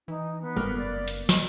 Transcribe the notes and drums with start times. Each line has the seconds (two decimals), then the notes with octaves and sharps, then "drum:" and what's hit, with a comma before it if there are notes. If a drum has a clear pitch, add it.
0.08 E3 D#4
0.41 B3
0.56 F#1 A#3
0.78 D5
1.08 drum: hi-hat
1.29 D#5, drum: snare